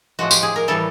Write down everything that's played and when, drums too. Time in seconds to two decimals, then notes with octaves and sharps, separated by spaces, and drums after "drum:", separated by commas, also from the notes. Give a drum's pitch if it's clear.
0.19 A2 F3 G#3 F#4
0.31 G4, drum: tambourine
0.43 G#4
0.56 A#4
0.68 A2 E3 G3 A4